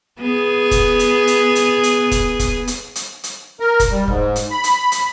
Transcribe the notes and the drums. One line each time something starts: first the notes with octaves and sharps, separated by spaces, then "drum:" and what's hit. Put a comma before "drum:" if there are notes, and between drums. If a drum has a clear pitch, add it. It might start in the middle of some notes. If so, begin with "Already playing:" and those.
B3 G#4
drum: kick, hi-hat
drum: hi-hat
drum: hi-hat
drum: hi-hat
drum: hi-hat
drum: kick, hi-hat
drum: kick, hi-hat
drum: hi-hat
drum: hi-hat
drum: hi-hat
A#4
drum: kick, hi-hat
G3
G#2, drum: kick
drum: hi-hat
B5
drum: hi-hat
drum: hi-hat